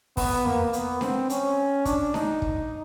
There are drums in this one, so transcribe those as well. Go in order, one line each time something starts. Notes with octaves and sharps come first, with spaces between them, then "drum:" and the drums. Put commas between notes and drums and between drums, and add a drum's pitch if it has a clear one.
B3, drum: kick, open hi-hat
A#3, drum: tom E2
B3, drum: hi-hat
C4, drum: snare D4
C#4, drum: hi-hat
D4, drum: kick, hi-hat
D#4, drum: snare D4
drum: kick